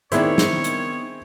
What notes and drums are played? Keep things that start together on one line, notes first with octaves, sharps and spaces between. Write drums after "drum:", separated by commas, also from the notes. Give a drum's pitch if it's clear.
D#3 B3 C4 D4 E4 G#4 C5 C#5, drum: hi-hat
drum: snare
drum: hi-hat